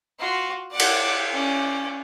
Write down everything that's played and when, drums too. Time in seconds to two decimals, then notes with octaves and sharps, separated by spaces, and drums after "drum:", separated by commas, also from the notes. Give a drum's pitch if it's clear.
0.19 F4 F#4
0.71 D5 F#5
0.80 drum: cymbal
1.33 C#4 D5